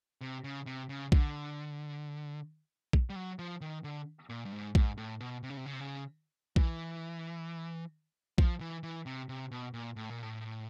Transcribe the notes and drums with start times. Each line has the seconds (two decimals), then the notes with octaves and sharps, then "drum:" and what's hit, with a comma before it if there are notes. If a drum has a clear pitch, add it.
0.21 C3
0.44 C#3
0.66 C3
0.89 C#3
1.12 D3, drum: kick A#1
2.93 drum: kick A#1
3.10 G3
3.16 F#3
3.39 F3
3.61 D#3
3.84 D3
4.29 A#2
4.45 G2
4.52 G#2
4.75 G#2, drum: kick A#1
4.98 A2
5.20 B2
5.43 C3
5.50 C#3
5.57 C3
5.66 C#3
5.73 C3
5.80 C#3
6.56 E3, drum: kick A#1
8.38 F3, drum: kick A#1
8.60 E3
8.83 E3
9.06 C3
9.29 C3
9.52 B2
9.74 A#2
9.96 A2
10.10 A#2
10.23 A2